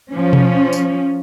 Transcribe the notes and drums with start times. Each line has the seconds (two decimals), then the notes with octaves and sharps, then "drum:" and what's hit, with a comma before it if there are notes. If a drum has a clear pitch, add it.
0.13 F3 C#4
0.33 drum: tom B2
0.73 drum: tambourine